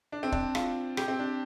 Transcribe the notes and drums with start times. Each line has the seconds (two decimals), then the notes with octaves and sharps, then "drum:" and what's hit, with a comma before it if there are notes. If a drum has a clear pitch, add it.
0.12 D4
0.23 C4
0.32 D4, drum: kick
0.55 F4, drum: rim click
0.97 G4, drum: rim click
1.08 C4
1.19 D4